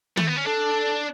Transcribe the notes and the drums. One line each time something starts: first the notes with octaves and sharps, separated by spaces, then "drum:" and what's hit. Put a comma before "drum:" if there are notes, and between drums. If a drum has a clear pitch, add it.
A3, drum: tom
B3
C#4
D4 A4